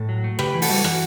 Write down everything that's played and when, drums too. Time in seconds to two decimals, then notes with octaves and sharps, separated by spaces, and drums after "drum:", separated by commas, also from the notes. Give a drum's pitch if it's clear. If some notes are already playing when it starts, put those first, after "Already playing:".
Already playing: A2 A4
0.09 F#3
0.24 A3
0.39 C#3 G4 B4, drum: rim click
0.54 E3
0.62 F#4 A4, drum: open hi-hat
0.70 G3
0.84 E3 F#4, drum: rim click